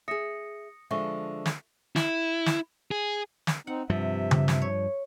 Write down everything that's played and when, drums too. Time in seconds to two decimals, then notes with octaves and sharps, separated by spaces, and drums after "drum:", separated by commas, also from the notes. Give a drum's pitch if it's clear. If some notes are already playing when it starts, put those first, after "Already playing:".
0.08 G#4 E5 D#6 A#6 C#7
0.91 D3 F3 G#3 E5 C#6
1.46 drum: snare
1.96 E4, drum: snare
2.46 drum: snare
2.91 G#4
3.47 drum: snare
3.67 C4 D#4 F#5
3.89 G2 C3 F3 E5
4.31 drum: tom C#3
4.48 drum: snare
4.62 C#5